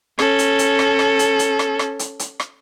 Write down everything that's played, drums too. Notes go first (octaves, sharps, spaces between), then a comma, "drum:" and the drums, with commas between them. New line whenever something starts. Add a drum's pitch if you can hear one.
C#4 A4, drum: rim click
drum: hi-hat
drum: hi-hat
drum: rim click
drum: rim click
drum: hi-hat
drum: hi-hat
drum: rim click
drum: rim click
drum: hi-hat
drum: hi-hat
drum: rim click